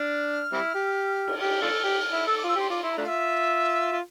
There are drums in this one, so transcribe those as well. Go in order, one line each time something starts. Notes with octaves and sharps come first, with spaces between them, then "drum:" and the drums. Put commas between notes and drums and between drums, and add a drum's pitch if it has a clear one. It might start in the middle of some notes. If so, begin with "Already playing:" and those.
Already playing: D4 F6
G3 C4 E4
G4
drum: cymbal
G4 F6
D4 F4 A4
G4
E4
A4 E6
D6
F4 E6
G4 C6
F4 D6
E4 C6
A#5
A3 D4 F4
F5
E5
F4